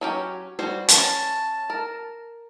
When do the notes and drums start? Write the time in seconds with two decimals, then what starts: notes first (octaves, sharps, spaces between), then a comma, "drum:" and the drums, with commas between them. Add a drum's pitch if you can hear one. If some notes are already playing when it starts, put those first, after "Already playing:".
0.01 F#3 C#4 G4
0.59 G3 F#4 C5
0.89 C#4 A5, drum: hi-hat
1.70 A#4